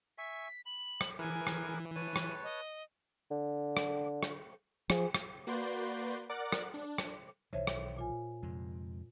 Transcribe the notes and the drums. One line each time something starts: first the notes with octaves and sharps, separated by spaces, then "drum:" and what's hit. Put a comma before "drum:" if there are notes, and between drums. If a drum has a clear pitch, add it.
E5 G#5 C#6 B6
B5 F#7
drum: rim click
E3 G#4 A#4 B4 G#5
drum: rim click
B4 C#5 A5 D#7
drum: rim click
D#5
D3
drum: rim click
drum: rim click
F3 G#4, drum: rim click
drum: rim click
A#3 F#4 B4 D5 C6 G6
A#4 D5 F#5 D6 F#6
drum: rim click
D4
drum: rim click
B1 D#3 E3 C5 C#5 E5
drum: rim click
A#2 F4 G#5
F2 C3 G#3